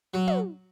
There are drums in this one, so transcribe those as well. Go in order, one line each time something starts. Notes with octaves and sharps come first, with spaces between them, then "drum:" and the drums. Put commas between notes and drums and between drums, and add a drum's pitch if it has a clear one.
F#3
drum: tom